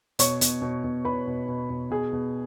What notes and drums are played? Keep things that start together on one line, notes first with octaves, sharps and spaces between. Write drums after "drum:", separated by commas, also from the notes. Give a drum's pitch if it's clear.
B2 C#5 C#6, drum: hi-hat
B2, drum: hi-hat
B2
B2
B2 B4 B5
B2
B2
B2
B2 G#4 G#5
B2